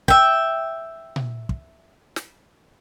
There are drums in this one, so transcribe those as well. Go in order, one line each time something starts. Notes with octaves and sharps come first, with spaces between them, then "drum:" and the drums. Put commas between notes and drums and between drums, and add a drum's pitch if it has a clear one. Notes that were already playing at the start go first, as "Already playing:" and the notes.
E5 G5, drum: kick
drum: tom A#2
drum: kick
drum: snare